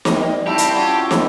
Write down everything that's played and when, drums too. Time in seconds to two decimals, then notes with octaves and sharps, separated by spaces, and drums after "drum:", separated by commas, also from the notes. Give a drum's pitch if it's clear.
0.05 G3 D#5, drum: snare
0.47 G3 C4 E4 G4 C#5 A5 B5
0.58 drum: hi-hat
0.74 C#4 F4 F#4
1.11 drum: snare